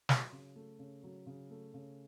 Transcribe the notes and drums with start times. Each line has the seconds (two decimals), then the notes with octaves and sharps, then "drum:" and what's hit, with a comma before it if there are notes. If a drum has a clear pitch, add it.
0.09 F#3, drum: snare
0.32 C#3
0.56 A3
0.79 C#3
1.03 F#3
1.26 C#3
1.50 A3
1.74 C#3